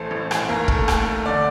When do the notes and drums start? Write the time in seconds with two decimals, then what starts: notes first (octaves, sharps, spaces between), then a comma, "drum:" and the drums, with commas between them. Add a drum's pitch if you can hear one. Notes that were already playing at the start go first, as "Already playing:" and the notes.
Already playing: A1 A3 C5
0.11 A1
0.31 A1, drum: rim click
0.49 D#2 A#4
0.68 A3, drum: kick
0.88 A3, drum: rim click
1.06 A3
1.25 D3 D5